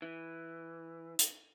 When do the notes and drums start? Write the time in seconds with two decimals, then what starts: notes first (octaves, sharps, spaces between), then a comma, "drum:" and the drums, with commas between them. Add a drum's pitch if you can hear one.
0.02 E3
1.19 drum: hi-hat